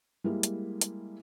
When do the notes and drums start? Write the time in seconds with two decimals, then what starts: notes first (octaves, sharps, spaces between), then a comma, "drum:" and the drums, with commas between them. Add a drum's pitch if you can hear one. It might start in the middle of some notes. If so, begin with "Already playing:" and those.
0.24 G3 G#3 A#3 E4
0.43 drum: hi-hat
0.81 drum: hi-hat